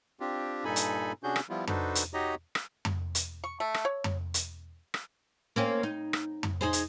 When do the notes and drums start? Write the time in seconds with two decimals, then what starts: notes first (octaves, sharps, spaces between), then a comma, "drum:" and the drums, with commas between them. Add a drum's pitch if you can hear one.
0.20 C4 D4 F4 G4
0.65 G2 A#2 D#4 A4 G#5 B5
0.76 drum: hi-hat
1.23 C3 C#4 D4 F#4 G#4 G6
1.36 drum: rim click
1.50 F3 G3 B3 E4 F4
1.67 D4 D#4 F#4 A4 B4 C5, drum: tom F2
1.95 drum: hi-hat
2.14 D#4 F#4 G4 C#5 D#5 A#5
2.55 drum: rim click
2.85 drum: tom F2
3.15 drum: hi-hat
3.44 C#6
3.60 A3
3.74 drum: rim click
3.85 C#5
4.04 drum: tom F2
4.34 drum: hi-hat
4.94 drum: rim click
5.56 A#3 C4 C#4
5.83 D#4
6.13 drum: rim click
6.43 drum: tom F2
6.61 D#4 G#4 C5
6.73 drum: hi-hat